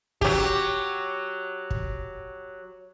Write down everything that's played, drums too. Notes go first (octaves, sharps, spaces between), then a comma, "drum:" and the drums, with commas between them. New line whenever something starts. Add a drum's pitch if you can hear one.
F#3 G4, drum: kick
drum: kick